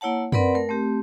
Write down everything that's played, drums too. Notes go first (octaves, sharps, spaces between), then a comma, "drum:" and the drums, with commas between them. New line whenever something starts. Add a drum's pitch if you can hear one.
A#3 E4 C#5 F#5 A5
C4 A#4 B4 D5 F#5 B5, drum: tom F#2
A3 A#4
A3 C4 G4